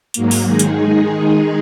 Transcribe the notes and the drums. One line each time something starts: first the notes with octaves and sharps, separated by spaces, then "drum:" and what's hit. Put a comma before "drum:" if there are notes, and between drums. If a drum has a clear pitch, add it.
G#2 F#3 A#3, drum: hi-hat
drum: open hi-hat
D#3 G#3 D#4 G#4
drum: hi-hat